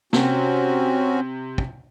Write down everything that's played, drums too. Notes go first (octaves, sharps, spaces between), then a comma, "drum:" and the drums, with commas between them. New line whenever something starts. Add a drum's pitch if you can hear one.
C3 C4 C#4 F#4, drum: snare
drum: kick